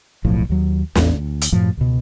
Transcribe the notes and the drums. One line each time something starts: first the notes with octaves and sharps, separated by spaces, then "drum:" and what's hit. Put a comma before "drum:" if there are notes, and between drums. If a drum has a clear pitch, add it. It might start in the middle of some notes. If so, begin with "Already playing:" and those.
D1 B1 A2 F3
D#2 F#3
A1 E2 B3, drum: snare
D2
drum: hi-hat
F#2 A2 F3
C#2 B2